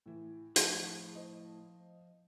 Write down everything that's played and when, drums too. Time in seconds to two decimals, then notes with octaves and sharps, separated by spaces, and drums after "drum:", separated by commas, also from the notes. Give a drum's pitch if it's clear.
0.06 A2 E3
0.56 A2 F3 D#5 A5, drum: hi-hat
1.15 C5 D#5